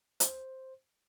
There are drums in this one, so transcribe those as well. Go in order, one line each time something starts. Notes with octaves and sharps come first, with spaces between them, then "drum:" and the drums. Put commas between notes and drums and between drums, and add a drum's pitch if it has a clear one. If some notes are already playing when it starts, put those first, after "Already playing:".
C5, drum: hi-hat